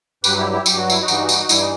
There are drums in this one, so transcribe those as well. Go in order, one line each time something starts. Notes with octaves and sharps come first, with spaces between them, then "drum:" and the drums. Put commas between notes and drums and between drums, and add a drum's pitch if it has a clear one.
G2 F#3 G4 B4, drum: tambourine
E4 G4
E4 G4
G2 F#3 G4, drum: tambourine
F#4
E4, drum: tambourine
D#4 F#4
G2 E3 G3, drum: tambourine
drum: tambourine
G2 E3 G3 E4, drum: tambourine
D#4